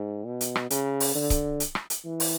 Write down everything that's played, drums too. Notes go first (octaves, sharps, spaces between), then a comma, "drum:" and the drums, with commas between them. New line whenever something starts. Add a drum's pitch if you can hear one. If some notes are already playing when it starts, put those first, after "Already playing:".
Already playing: G#2
B2
drum: hi-hat
drum: rim click
C#3, drum: hi-hat
drum: open hi-hat
D3
drum: kick C#1, hi-hat
drum: hi-hat
drum: rim click
drum: hi-hat
E3
drum: open hi-hat